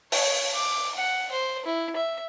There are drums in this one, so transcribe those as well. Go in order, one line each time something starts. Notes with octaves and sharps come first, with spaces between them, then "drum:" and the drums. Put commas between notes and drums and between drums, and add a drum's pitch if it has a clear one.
C#5, drum: open hi-hat
D6
F#5
C5
E4
E5